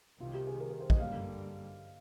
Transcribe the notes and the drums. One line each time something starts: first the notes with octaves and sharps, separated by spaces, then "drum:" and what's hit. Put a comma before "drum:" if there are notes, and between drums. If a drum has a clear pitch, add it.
C2 C3 D#3 F4
G4
G#4
A#4
A#4
C5
D#5, drum: kick
G2 D3 G3 A#3 F5